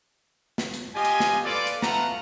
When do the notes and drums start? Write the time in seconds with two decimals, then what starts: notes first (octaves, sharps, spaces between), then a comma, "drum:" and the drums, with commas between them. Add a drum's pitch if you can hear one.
0.58 drum: snare
0.74 drum: hi-hat
0.95 F4 G4 D#5 G#5
1.05 drum: hi-hat
1.20 drum: snare
1.45 F4 A4 B4 D5
1.67 drum: hi-hat
1.82 A3 F4 B4 F#5 A5 A#5, drum: snare